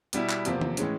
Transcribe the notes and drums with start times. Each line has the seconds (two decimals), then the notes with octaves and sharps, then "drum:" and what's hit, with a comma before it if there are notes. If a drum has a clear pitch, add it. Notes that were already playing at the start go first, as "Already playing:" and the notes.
0.13 B2 G3 B3 E4, drum: hi-hat
0.29 drum: clap
0.45 E2 C3 F3 A#3, drum: hi-hat
0.61 drum: tom D#3
0.77 A2 E3 G#3 C#4, drum: hi-hat